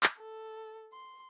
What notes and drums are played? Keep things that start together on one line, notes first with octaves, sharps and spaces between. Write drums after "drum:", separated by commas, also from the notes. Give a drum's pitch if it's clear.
drum: clap
A4
C6